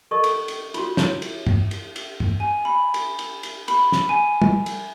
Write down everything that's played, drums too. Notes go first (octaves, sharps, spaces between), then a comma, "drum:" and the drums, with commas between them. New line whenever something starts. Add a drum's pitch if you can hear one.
A4 A#4 D5 D#5 C#6
drum: cymbal
drum: cymbal
F4 F#4, drum: cymbal
E4 C#5, drum: snare
drum: cymbal
drum: tom G2
drum: cymbal
drum: cymbal
drum: tom G2
G#5
B5
drum: cymbal
drum: cymbal
drum: cymbal
B5, drum: cymbal
drum: snare
G#5
drum: tom
drum: cymbal